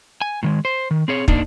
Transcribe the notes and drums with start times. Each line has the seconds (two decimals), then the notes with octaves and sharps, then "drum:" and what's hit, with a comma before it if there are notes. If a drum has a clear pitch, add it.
0.22 G#5
0.43 A2 D#3 G#3
0.65 C5
0.91 D#3
1.08 C4 G#4 C#5
1.28 A#3 D4 D#4, drum: kick